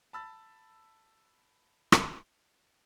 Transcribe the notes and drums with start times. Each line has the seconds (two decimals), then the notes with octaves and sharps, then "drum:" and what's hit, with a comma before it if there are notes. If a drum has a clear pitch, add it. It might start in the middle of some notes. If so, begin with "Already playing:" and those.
0.13 A5 B5 E6 A6
1.92 drum: rim click